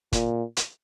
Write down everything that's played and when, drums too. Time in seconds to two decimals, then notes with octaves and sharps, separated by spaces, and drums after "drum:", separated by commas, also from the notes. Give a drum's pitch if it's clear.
0.13 A#2, drum: kick G1, hi-hat
0.57 drum: hi-hat